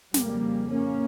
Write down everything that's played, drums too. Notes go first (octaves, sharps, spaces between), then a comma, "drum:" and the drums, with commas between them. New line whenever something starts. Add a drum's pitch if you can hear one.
F2 C#3 G3 A#3, drum: snare
A#3 C#4